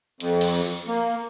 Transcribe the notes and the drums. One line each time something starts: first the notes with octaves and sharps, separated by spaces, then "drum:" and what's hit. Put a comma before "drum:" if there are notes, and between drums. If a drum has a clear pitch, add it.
F2, drum: hi-hat
drum: cymbal
A#3